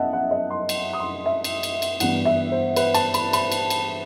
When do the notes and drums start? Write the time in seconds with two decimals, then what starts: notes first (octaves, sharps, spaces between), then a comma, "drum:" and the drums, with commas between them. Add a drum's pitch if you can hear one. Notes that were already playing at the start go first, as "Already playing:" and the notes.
Already playing: F#2 B3 D#5 E5 F#5 A5
0.13 F#5
0.31 D#5
0.50 C6
0.69 drum: cymbal
0.93 D#6
1.00 C6
1.26 E5
1.44 drum: cymbal
1.63 drum: cymbal
1.82 drum: cymbal
2.00 G2 E3 B3 F#5, drum: cymbal
2.25 E5
2.52 C5
2.76 B4, drum: cymbal
2.94 A5, drum: cymbal
3.14 B5, drum: cymbal
3.33 B5, drum: cymbal
3.52 drum: cymbal
3.70 drum: cymbal